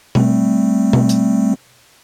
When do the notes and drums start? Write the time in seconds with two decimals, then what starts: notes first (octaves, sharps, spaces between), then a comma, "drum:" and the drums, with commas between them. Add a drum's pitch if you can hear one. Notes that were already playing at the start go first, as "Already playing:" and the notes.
0.15 G3 A3 C4, drum: tom B2
0.93 drum: tom B2
1.09 drum: hi-hat